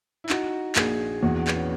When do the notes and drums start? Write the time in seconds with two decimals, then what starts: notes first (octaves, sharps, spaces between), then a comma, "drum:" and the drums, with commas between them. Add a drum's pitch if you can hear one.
0.24 E4
0.30 D#4 F#4, drum: clap
0.76 A#1 G#4, drum: clap
1.22 E2 F#4
1.48 B3, drum: clap
1.55 C#4